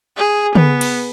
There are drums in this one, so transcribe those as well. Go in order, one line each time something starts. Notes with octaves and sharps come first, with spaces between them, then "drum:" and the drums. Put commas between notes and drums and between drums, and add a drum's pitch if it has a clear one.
G#4
B3, drum: tom
drum: cymbal